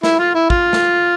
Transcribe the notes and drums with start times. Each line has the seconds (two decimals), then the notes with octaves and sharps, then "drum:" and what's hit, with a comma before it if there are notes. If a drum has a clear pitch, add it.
0.03 E4, drum: snare
0.19 F4
0.35 E4
0.50 F4, drum: kick
0.73 drum: snare